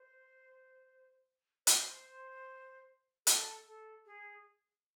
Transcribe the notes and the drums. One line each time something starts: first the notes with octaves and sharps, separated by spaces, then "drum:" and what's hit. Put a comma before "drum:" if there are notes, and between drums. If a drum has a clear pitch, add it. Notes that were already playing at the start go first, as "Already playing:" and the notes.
Already playing: C5
C5, drum: hi-hat
A4, drum: hi-hat
A4
G#4